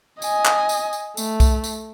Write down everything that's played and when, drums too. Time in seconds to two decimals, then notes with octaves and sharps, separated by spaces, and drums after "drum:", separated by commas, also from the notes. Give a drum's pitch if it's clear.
0.22 D#5 G#5, drum: tambourine
0.45 drum: clap
0.69 drum: tambourine
0.93 drum: tambourine
1.17 A3, drum: tambourine
1.40 drum: kick, tambourine
1.64 drum: tambourine